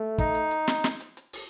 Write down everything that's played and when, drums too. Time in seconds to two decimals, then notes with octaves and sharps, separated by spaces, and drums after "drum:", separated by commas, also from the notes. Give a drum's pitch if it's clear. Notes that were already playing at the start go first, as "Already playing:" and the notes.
Already playing: A3
0.18 D#4, drum: kick, hi-hat
0.35 drum: hi-hat
0.51 drum: hi-hat
0.68 drum: snare
0.84 drum: snare
1.00 drum: hi-hat
1.17 drum: hi-hat
1.33 drum: open hi-hat